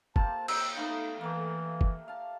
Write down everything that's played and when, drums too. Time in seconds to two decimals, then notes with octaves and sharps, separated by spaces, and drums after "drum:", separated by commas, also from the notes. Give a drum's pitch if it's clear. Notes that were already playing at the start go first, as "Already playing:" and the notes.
0.16 C3 A#3 C4 A5, drum: kick
0.48 D#4 G4 C#5 E6, drum: cymbal
0.77 A3 B3 D#4 F5
1.21 E3 A3 A#3
1.81 drum: kick
2.08 F5 A5